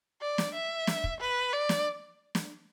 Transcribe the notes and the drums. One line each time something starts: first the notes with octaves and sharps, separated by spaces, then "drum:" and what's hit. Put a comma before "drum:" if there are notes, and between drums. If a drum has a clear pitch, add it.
D5
drum: snare
E5
drum: snare
drum: kick
B4
D5
drum: snare
drum: snare